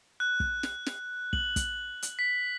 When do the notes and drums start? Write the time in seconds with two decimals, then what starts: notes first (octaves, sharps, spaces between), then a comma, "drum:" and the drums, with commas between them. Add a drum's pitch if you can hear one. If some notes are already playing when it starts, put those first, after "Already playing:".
0.20 F#6
0.40 drum: kick
0.63 drum: snare
0.86 drum: snare
1.33 F#7, drum: kick
1.56 drum: kick, hi-hat
2.02 drum: hi-hat
2.19 B6